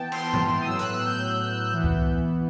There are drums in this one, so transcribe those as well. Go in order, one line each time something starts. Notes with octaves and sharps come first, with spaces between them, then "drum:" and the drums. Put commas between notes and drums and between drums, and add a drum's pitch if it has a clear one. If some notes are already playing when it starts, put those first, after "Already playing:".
Already playing: E3 B3 G5 A5
C6, drum: cymbal
drum: tom G2
D#6
A2 F#3 B3 E6
F#6, drum: hi-hat
E6
G6
E3 B3
drum: kick C2